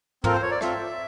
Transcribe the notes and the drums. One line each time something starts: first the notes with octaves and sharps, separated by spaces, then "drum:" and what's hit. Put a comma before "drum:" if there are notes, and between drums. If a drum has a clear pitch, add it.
C4 F4 A4 A#4, drum: tom
C5
C#5
D5
C4 F4 A4 E5, drum: rim click